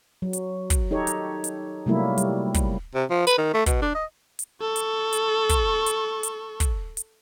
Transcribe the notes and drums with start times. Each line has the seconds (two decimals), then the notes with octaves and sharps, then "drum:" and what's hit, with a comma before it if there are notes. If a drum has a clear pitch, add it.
0.22 F#3
0.33 drum: hi-hat
0.70 drum: kick, hi-hat
0.91 D#4 G4 A4 C#5
1.07 drum: hi-hat
1.44 drum: hi-hat
1.86 C3 F#3 G3 A3 A#3 E4
2.18 G3, drum: hi-hat
2.54 drum: kick, hi-hat
2.95 C3
3.10 F3
3.27 B4, drum: hi-hat
3.38 D#3
3.54 A3
3.66 B2, drum: kick, hi-hat
3.82 D4
3.95 D#5
4.39 drum: hi-hat
4.61 A4 C#6
4.76 drum: hi-hat
5.13 drum: hi-hat
5.49 drum: kick, hi-hat
5.86 drum: hi-hat
6.23 drum: hi-hat
6.60 drum: kick, hi-hat
6.97 drum: hi-hat